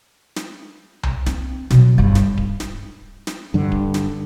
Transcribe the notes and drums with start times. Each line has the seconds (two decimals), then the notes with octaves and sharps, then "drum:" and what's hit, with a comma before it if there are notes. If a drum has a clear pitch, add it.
0.36 drum: snare
1.03 drum: tom C2
1.26 C4, drum: snare
1.70 B2 F#3, drum: snare
1.98 G1 G2
2.15 drum: snare
2.38 drum: kick D1
2.60 drum: snare
3.27 drum: snare
3.54 G2 D3
3.72 drum: kick D1
3.94 drum: snare